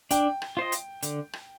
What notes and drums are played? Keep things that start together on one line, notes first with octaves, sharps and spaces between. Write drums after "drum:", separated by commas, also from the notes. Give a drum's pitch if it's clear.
D4 G5, drum: hi-hat
drum: rim click
F4 C5 D#5
drum: hi-hat
D3, drum: hi-hat
drum: rim click